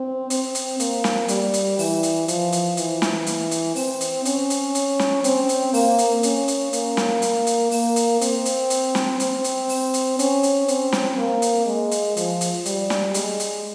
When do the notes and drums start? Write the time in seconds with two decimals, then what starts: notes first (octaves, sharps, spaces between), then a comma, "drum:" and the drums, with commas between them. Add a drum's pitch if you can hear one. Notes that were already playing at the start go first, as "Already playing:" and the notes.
Already playing: C4
0.30 C4, drum: hi-hat
0.55 drum: hi-hat
0.80 A#3, drum: hi-hat
1.04 drum: snare
1.28 G3, drum: hi-hat
1.54 drum: hi-hat
1.79 E3, drum: open hi-hat
2.03 drum: hi-hat
2.28 F3, drum: hi-hat
2.52 drum: hi-hat
2.77 E3, drum: hi-hat
3.02 drum: snare
3.27 drum: hi-hat
3.51 drum: hi-hat
3.76 C4, drum: open hi-hat
4.01 drum: hi-hat
4.25 C#4, drum: hi-hat
4.50 drum: hi-hat
4.75 drum: hi-hat
4.99 drum: snare
5.24 C4, drum: hi-hat
5.49 drum: hi-hat
5.74 A#3, drum: open hi-hat
5.98 drum: hi-hat
6.23 C#4, drum: hi-hat
6.48 drum: hi-hat
6.73 A#3, drum: hi-hat
6.97 drum: snare
7.22 drum: hi-hat
7.47 drum: hi-hat
7.71 A#3, drum: open hi-hat
7.96 drum: hi-hat
8.21 C4, drum: hi-hat
8.45 drum: hi-hat
8.70 drum: hi-hat
8.95 drum: snare
9.20 C4, drum: hi-hat
9.44 drum: hi-hat
9.69 drum: open hi-hat
9.94 drum: hi-hat
10.19 C#4, drum: hi-hat
10.43 drum: hi-hat
10.68 C4, drum: hi-hat
10.93 drum: snare
11.17 A#3
11.42 drum: hi-hat
11.66 G#3
11.91 drum: hi-hat
12.17 F3, drum: hi-hat
12.41 drum: hi-hat
12.65 G3, drum: hi-hat
12.90 drum: snare
13.14 G#3, drum: hi-hat
13.40 drum: hi-hat